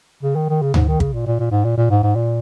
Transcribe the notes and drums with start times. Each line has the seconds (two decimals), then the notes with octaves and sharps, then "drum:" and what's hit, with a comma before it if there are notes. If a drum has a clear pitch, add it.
0.23 C#3
0.36 D#3
0.49 D#3
0.62 C#3
0.74 G#2, drum: tom D2
0.88 D#3
1.00 C#3, drum: kick
1.13 A#2
1.27 A#2
1.39 A#2
1.51 G#2
1.65 A#2
1.77 A#2
1.90 G#2
2.03 G#2
2.15 A#2